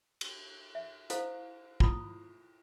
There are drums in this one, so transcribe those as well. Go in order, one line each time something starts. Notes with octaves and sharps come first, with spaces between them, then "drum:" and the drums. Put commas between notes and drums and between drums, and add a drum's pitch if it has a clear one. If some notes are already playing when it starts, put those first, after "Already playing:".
drum: cymbal
E5
E4 A4 C5 F5, drum: hi-hat
E4 F4 B5 C#6 D#6, drum: kick